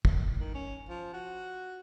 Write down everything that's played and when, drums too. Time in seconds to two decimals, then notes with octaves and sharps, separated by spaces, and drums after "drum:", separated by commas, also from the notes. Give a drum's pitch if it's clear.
0.05 A2, drum: kick
0.40 D#3
0.55 C#4
0.89 F3
1.13 F#4